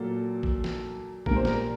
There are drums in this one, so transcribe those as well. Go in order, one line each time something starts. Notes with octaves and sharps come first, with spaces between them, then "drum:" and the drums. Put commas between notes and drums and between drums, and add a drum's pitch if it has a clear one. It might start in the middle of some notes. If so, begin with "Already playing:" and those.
Already playing: A#2 F#3 A#3 A4
drum: kick A1
drum: snare
A#2 G3 A#3 A#4, drum: kick A1
C5
A#4, drum: snare